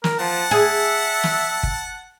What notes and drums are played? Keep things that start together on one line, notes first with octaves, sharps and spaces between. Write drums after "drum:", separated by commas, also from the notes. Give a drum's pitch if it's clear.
A#4, drum: snare
F3 F#5 A5
G#4 E5
drum: snare
drum: kick